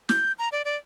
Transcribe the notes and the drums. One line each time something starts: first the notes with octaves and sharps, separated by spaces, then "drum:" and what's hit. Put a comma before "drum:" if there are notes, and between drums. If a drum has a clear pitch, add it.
G6, drum: snare
A#5
D5
D5